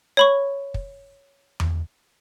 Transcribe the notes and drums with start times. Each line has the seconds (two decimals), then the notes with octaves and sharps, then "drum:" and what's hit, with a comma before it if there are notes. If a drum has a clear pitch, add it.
0.17 C#5 B5 C#6
0.74 drum: kick
1.60 drum: tom E2